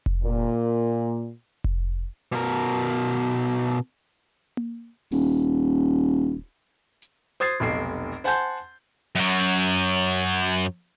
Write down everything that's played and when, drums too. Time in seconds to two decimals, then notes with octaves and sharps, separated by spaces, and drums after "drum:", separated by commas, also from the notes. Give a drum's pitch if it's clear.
0.06 drum: kick F1
0.24 A#2
1.64 drum: kick F1
2.32 B2 A#4
4.57 drum: tom A#3
5.11 D#1, drum: open hi-hat
7.02 drum: hi-hat
7.40 C5 D#6 G#6 A6 C7
7.60 F1 B1 C7
8.24 C5 F#5 G#5 A5 C6 G6
9.15 F#2 F#3